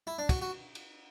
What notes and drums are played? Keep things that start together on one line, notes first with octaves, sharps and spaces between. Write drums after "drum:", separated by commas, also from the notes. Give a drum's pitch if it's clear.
E4
D4
F#4, drum: kick, cymbal
F#4
drum: cymbal